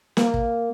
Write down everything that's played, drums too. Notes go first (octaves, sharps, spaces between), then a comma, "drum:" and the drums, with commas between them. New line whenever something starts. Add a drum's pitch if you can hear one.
A#3, drum: snare
drum: kick